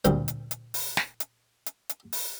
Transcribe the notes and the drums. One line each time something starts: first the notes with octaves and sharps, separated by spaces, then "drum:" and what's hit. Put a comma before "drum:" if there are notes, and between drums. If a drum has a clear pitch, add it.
D2 A#2 G3 C4, drum: hi-hat
drum: hi-hat
drum: hi-hat
drum: open hi-hat
drum: snare
drum: hi-hat
drum: hi-hat
drum: hi-hat
drum: open hi-hat